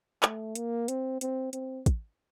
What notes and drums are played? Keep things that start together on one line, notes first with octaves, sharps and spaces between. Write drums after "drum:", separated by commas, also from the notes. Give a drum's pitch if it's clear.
A3, drum: clap
A#3, drum: hi-hat
C4, drum: hi-hat
C4, drum: hi-hat
C4, drum: hi-hat
drum: kick, hi-hat